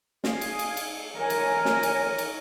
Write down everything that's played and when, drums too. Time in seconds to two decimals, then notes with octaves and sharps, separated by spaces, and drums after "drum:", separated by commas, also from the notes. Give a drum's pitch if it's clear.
0.24 G#4 F5, drum: snare
0.41 drum: cymbal
0.59 drum: cymbal
0.77 drum: cymbal
1.19 A#4 C#5 G#5
1.30 drum: cymbal
1.65 drum: snare
1.83 drum: cymbal
2.18 drum: cymbal